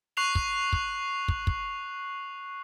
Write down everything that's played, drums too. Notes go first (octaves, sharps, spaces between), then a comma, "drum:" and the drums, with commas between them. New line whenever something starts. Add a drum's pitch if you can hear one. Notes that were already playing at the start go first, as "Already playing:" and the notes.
C#6 F#6 C7 F7 F#7
drum: kick
drum: kick
drum: kick
drum: kick